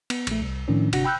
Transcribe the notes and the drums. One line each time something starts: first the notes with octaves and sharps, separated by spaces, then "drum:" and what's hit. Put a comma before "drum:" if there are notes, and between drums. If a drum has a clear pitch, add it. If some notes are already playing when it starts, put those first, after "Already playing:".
B3, drum: cymbal
A#1 A3, drum: cymbal
C2
A2 D#3 F3 C#4 D4
G1 C3 D4 F#4 F#5 A#6, drum: cymbal
G5 B5 E6 F#6 G6